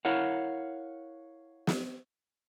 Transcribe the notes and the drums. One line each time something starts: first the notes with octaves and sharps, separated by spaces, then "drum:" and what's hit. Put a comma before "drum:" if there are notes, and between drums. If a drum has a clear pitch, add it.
E4 A#4 C#5 F5 F#5
drum: snare